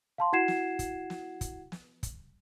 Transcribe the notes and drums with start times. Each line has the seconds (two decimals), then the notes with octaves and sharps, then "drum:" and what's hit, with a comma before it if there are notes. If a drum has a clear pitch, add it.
0.18 F5 A5 C6
0.33 E4 F#4 F#5 G#6 C7 E7
0.48 drum: snare
0.79 drum: kick, hi-hat
1.10 drum: snare
1.41 drum: kick, hi-hat
1.72 drum: snare
2.03 drum: kick, hi-hat